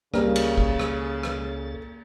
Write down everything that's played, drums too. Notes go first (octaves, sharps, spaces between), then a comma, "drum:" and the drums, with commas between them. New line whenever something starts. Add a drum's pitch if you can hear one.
C#2 C#3 G3 A#3 A4 A#4, drum: rim click
drum: cymbal
drum: kick
drum: rim click
drum: rim click